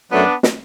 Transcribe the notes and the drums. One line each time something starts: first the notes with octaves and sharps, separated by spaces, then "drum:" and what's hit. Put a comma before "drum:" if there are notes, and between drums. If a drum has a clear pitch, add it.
F#2 F#3 A3 B3 D4
drum: snare